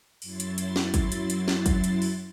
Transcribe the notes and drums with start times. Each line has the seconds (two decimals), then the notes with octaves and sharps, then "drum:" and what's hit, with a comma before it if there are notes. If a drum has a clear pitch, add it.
0.22 F#2 F#3 E4 C6 A6, drum: open hi-hat
0.40 drum: hi-hat
0.58 drum: hi-hat
0.76 drum: snare
0.94 drum: kick, hi-hat
1.12 drum: hi-hat
1.30 drum: hi-hat
1.48 drum: snare
1.66 drum: kick, hi-hat
1.84 drum: hi-hat
2.02 drum: open hi-hat